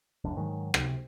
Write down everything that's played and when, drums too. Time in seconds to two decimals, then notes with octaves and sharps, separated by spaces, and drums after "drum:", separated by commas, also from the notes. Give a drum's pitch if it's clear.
0.24 E1 C#2 F#2 D4
0.36 G#2 D#3 F#3 G#3
0.74 C3, drum: rim click